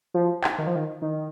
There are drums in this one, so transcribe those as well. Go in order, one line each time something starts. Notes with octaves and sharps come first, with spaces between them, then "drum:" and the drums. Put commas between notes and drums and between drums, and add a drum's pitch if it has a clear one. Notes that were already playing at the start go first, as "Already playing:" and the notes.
F3
drum: clap
D#3
F3
D#3
D#3